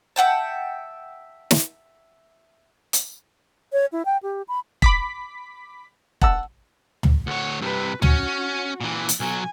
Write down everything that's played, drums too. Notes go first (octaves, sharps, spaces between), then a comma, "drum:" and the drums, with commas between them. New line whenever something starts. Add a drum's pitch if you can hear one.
E5 F#5 G5 A5
drum: snare
drum: hi-hat
C#5
E4
G5
G4
B5
B5 D6 B6, drum: kick E1
F#5 A5 E6, drum: kick E1
drum: tom
D2 C#5 F#5
G2 C3 B4
C#4 F#4, drum: tom
A#2 E3
drum: hi-hat
B1 F#3 G#5